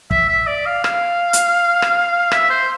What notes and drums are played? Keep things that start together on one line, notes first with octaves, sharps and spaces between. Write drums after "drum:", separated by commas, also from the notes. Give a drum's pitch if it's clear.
E5, drum: kick
E5
D5
F5
F5, drum: rim click
drum: hi-hat
drum: rim click
E5, drum: rim click
C5